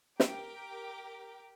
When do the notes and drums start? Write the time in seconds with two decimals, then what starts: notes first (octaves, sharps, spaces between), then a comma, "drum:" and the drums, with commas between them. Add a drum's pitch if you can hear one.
0.20 G4 A#4 G5 D6, drum: snare